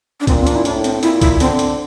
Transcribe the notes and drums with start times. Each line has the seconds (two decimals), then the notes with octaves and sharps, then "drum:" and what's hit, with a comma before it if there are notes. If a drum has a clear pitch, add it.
0.21 D4
0.27 A#2 C4, drum: kick, hi-hat
0.41 C4
0.47 D4, drum: hi-hat
0.56 E4
0.65 A2 D4, drum: hi-hat
0.84 C4, drum: hi-hat
1.03 A#2 E4, drum: hi-hat
1.21 E4, drum: kick, hi-hat
1.40 D3 C4, drum: hi-hat
1.59 drum: hi-hat